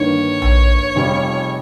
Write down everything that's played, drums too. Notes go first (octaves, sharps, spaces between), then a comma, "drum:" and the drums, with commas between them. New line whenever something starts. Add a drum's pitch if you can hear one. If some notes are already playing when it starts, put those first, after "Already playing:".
Already playing: G1 G2 D#3 A#3 C#5
drum: tom A#1
F1 F2 C#3 G3 C#4